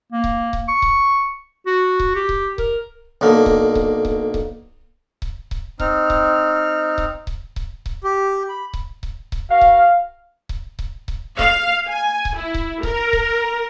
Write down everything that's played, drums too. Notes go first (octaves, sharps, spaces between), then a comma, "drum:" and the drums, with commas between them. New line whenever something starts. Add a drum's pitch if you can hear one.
A#3
drum: kick C#1
drum: kick C#1
C#6
drum: kick C#1
F#4
drum: kick C#1
G4
drum: kick C#1
A#4, drum: kick C#1
B1 D3 A#3
drum: kick C#1
drum: kick C#1
drum: kick C#1
drum: kick C#1
drum: kick C#1
drum: kick C#1
C4 D#4 F6, drum: kick C#1
drum: kick C#1
drum: kick C#1
drum: kick C#1
drum: kick C#1
drum: kick C#1
G4
B5
drum: kick C#1
drum: kick C#1
drum: kick C#1
F#4 A#4 F5
drum: kick C#1
drum: kick C#1
drum: kick C#1
drum: kick C#1
F5, drum: kick C#1
G#5
drum: kick C#1
E4
drum: kick C#1
A#4, drum: kick C#1
drum: kick C#1